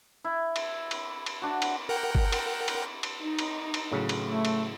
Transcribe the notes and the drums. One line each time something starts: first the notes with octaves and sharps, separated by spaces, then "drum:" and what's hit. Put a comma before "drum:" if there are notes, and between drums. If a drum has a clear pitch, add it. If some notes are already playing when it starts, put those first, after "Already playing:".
E4
drum: cymbal
drum: cymbal
drum: cymbal
D4 F#4
drum: cymbal
A#4 F#5 G5
drum: kick G1
drum: cymbal
drum: cymbal
drum: cymbal
D#4
drum: cymbal
drum: cymbal
A2 C#3 F#3
drum: cymbal
A3 E4
drum: cymbal